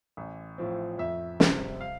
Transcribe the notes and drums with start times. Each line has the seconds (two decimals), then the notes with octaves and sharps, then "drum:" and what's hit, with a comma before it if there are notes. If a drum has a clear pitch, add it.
0.17 A1
0.58 A2 F3 C4
0.98 F2 E5
1.40 C3 G3 C4, drum: snare
1.81 F5